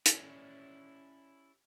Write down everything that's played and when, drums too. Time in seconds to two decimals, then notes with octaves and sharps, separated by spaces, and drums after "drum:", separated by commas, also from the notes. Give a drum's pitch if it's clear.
0.06 C#4 E4 G4 C#5 D5, drum: hi-hat